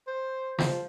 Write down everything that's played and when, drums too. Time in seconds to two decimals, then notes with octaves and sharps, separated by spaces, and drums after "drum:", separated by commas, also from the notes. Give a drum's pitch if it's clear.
0.07 C5
0.59 F3, drum: snare